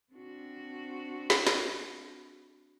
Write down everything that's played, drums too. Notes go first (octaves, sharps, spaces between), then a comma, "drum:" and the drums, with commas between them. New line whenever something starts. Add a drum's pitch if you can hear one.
C4 D4 F#4
drum: snare
drum: snare